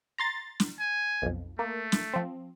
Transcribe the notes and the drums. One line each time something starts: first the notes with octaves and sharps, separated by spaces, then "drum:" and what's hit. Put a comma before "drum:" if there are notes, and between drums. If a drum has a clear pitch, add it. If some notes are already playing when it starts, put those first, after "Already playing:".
A#5 C6 A6
drum: snare
G#5
B1 F2
A3 A#3
drum: snare
F3 C4